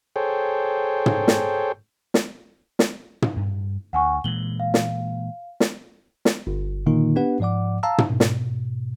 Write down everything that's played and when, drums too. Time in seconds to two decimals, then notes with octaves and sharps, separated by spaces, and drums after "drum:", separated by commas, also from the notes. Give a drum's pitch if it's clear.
0.16 G#4 A4 C5 C#5 G5
1.06 drum: tom
1.28 drum: snare
2.14 drum: snare
2.79 drum: snare
3.22 drum: tom
3.36 G2
3.93 D2 F#5 G#5 C#6
4.24 A#2 E3 G#3 F#7 G7
4.60 F5
4.74 drum: snare
5.60 drum: snare
6.25 drum: snare
6.47 G1
6.86 A#2 D3 D#3 A#3 D#4 F4
7.16 B3 D4 G4 B4 F#5
7.40 G#2 F3 D5 F#5 D6
7.83 F5 A5 A#5 E6
7.98 drum: tom
8.10 G#2 B2
8.20 drum: snare